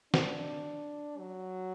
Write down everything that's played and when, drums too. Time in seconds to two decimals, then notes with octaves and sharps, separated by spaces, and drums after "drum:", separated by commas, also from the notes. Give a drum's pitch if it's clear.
0.14 D4, drum: snare
1.19 F#3